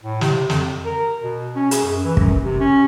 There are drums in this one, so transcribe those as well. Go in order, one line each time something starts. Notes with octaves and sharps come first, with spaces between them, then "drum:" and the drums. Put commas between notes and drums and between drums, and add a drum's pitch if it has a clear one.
A2
C3, drum: snare
F2, drum: snare
A#4
B2
C#4
G#4, drum: hi-hat
F#2
E3
F#2, drum: kick
C3
C#4